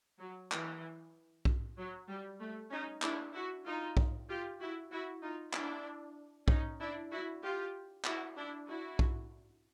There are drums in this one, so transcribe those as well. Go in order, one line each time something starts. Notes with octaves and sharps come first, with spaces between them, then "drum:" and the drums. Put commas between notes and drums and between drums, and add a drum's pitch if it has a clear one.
F#3
E3, drum: clap
drum: kick B1
F#3
G3
A3
C#4 D#4
D4 E4, drum: clap
E4 F#4
D#4 F4
drum: kick B1
F4 G4
E4 F#4
E4 F#4
D#4 F4
D4 E4, drum: clap
C#4 D#4, drum: kick B1
D4 E4
E4 F#4
F4 G4
E4 F#4, drum: clap
D4 E4
E4 F#4
drum: kick B1